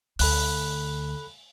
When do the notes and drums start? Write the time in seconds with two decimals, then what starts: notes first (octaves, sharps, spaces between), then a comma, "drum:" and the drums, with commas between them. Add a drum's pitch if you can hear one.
0.19 D2 A4 B5 F#6, drum: open hi-hat